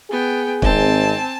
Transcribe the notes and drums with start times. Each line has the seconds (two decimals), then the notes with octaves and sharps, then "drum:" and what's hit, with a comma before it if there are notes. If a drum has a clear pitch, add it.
0.11 B3 G#4 G5
0.62 G#1 C4 G#5 A5, drum: kick